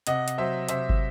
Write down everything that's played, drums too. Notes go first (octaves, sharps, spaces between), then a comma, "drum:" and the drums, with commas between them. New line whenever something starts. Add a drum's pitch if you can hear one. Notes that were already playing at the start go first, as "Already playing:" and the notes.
C3 D#5 F#5, drum: hi-hat
drum: hi-hat
F#3 C5 E5
C3 C5 E5, drum: hi-hat
drum: kick